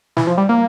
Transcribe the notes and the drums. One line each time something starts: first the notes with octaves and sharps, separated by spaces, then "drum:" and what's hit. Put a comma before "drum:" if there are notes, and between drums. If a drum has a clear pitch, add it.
E3, drum: snare
F3
G3
A#3